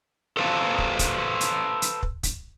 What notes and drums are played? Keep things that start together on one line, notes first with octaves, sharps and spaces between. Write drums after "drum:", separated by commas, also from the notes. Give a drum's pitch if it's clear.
A4 B4 C5 F5 G5 A5
drum: kick
drum: kick, hi-hat
drum: hi-hat
drum: hi-hat
drum: kick
drum: kick, hi-hat